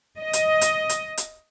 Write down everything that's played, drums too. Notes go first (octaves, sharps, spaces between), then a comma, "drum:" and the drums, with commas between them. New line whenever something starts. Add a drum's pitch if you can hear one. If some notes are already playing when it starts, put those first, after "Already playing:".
D#5
drum: hi-hat
drum: hi-hat
drum: hi-hat
drum: hi-hat